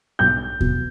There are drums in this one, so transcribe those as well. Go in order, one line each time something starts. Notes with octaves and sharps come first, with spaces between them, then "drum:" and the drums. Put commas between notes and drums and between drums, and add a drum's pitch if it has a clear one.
B1 G6
B2, drum: kick D#2